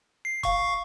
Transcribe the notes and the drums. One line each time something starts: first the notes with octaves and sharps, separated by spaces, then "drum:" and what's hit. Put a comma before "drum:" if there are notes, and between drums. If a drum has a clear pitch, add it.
C7
F5 C#6, drum: kick E1, hi-hat